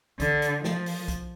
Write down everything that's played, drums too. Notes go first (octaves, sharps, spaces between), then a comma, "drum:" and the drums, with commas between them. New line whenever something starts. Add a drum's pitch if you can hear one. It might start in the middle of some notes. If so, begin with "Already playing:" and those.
D3, drum: kick B1, hi-hat
drum: hi-hat
F3, drum: snare
drum: open hi-hat
drum: kick B1, hi-hat